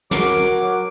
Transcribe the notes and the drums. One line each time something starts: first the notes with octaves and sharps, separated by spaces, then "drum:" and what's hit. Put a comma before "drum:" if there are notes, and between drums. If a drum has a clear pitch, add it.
F#3 A#4 D6, drum: snare